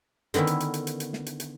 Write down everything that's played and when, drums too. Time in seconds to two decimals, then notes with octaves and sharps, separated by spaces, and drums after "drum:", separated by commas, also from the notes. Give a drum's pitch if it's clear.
0.34 D3 D#3 B3 C#4 E4, drum: hi-hat
0.47 drum: hi-hat
0.60 drum: hi-hat
0.74 drum: hi-hat
0.87 drum: hi-hat
1.00 drum: hi-hat
1.13 drum: snare
1.26 drum: hi-hat
1.40 drum: hi-hat